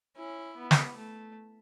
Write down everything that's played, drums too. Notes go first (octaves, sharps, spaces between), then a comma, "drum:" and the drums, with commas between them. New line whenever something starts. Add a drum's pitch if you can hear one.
C#4 E4
B3
drum: snare
A3